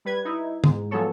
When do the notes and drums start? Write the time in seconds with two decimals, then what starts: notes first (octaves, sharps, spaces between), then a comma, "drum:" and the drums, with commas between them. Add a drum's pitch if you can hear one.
0.05 G3 B4 G#6
0.25 D#4 E4
0.64 G#2, drum: tom
0.91 F3 F#3 G#3 B3 A4 C#5